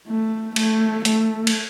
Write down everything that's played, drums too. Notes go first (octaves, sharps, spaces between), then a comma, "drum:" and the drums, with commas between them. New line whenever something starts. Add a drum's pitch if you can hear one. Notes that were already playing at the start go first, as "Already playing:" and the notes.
A3
A3, drum: cymbal
A3, drum: hi-hat
drum: cymbal